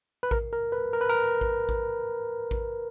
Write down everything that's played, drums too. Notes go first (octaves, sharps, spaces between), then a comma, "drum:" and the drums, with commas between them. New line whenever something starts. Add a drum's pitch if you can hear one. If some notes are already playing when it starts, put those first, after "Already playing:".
B4
A#4, drum: kick A1
A#4
B4
A#4
B4
A#4
drum: kick A1
drum: kick A1
drum: kick A1